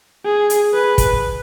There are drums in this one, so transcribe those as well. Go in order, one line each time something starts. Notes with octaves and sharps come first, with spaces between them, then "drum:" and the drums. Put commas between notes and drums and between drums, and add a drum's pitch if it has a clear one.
G#4
drum: hi-hat
B4
drum: kick, hi-hat